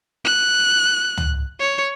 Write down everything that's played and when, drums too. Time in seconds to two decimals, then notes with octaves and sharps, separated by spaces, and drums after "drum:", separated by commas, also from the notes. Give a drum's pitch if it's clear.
0.25 F#6
1.17 drum: tom
1.60 C#5